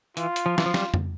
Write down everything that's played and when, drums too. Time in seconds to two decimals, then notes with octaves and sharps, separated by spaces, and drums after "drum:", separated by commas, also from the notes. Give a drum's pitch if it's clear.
0.17 E3 F4, drum: hi-hat
0.36 drum: hi-hat
0.46 F3
0.58 E3, drum: snare
0.66 F3
0.74 G3, drum: snare
0.94 drum: tom F2